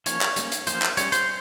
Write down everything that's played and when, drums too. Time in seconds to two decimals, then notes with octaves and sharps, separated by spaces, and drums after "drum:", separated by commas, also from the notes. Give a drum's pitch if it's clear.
0.06 F3 A#3 C#4 C#5, drum: hi-hat
0.21 drum: clap
0.36 G3 A#3 C#4, drum: hi-hat
0.52 drum: hi-hat
0.67 F3 A#3 C#4 C5, drum: hi-hat
0.82 drum: clap
0.97 G3 C#4 C#5, drum: hi-hat
1.12 C5, drum: hi-hat